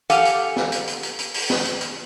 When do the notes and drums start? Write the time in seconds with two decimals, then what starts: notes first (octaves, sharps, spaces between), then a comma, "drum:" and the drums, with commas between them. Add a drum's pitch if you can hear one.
0.10 G4 A4 F5 F#5 G#5, drum: hi-hat
0.25 drum: hi-hat
0.56 drum: snare
0.72 drum: hi-hat
0.87 drum: hi-hat
1.03 drum: hi-hat
1.19 drum: hi-hat
1.34 drum: open hi-hat
1.50 drum: snare
1.65 drum: hi-hat
1.81 drum: hi-hat